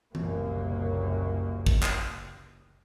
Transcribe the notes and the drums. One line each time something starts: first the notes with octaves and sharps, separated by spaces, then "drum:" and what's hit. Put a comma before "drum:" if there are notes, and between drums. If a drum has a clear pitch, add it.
F#1 C2 F#2 A#2 A#3, drum: tom E3
drum: kick
drum: clap